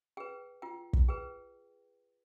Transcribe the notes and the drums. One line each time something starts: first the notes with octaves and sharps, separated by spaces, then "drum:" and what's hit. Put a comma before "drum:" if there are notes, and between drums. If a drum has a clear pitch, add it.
G#4 B4 G5
F4 G5
drum: kick
G#4 B4 G5